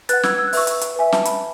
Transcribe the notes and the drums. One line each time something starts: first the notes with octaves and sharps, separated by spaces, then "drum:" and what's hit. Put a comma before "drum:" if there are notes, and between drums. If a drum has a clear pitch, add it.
B4 F#5 F#6 A6, drum: hi-hat
E6 G#6, drum: snare
E6
F#6
B4 E5 C#6 E6, drum: open hi-hat
drum: hi-hat
drum: hi-hat
B4 E5 G#5
A5, drum: snare
B5, drum: hi-hat